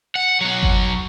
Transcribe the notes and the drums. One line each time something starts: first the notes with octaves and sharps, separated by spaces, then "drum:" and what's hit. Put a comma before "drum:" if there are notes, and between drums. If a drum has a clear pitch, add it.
F#5
B1 F#3
drum: kick G1